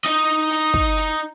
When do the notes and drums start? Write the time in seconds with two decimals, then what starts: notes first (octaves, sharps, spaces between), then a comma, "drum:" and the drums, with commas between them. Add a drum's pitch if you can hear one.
0.05 D#4 D#5, drum: hi-hat
0.51 drum: hi-hat
0.74 drum: kick
0.97 drum: hi-hat